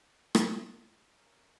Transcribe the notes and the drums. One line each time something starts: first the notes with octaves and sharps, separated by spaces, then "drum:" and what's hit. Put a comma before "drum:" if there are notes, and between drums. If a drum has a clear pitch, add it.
drum: rim click
E4
C#4 A#4